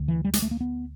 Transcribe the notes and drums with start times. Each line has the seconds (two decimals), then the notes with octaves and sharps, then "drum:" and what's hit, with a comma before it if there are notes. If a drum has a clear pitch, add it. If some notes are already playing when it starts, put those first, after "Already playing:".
Already playing: D2 D3
0.08 E3
0.25 G3
0.33 G#3, drum: hi-hat
0.42 A3
0.51 A#3
0.61 B3